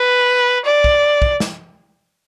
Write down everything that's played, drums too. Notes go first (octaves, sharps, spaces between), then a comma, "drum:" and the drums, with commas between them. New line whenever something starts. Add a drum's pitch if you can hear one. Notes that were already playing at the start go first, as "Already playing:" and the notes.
Already playing: B4
D5
drum: kick
drum: kick
drum: snare